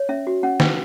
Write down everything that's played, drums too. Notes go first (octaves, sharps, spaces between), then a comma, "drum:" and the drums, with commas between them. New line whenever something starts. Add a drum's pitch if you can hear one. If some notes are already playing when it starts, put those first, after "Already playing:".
Already playing: C#5
C#4 E5
F#4
C#4 F#5
B4 G5, drum: snare